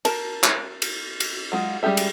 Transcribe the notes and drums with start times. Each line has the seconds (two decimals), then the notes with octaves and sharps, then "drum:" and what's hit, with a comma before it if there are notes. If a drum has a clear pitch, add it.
0.05 A#4 A5, drum: cymbal
0.43 drum: clap
0.82 drum: cymbal
1.20 drum: cymbal
1.52 F#3 G#3 F4
1.83 G3 G#3 C#4 G4 E5
1.97 drum: cymbal